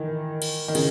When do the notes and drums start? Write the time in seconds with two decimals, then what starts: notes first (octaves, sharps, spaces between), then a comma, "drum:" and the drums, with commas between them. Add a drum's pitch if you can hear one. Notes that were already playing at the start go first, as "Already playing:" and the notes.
Already playing: D#3 E3
0.42 drum: cymbal
0.68 D#3
0.75 C#3, drum: cymbal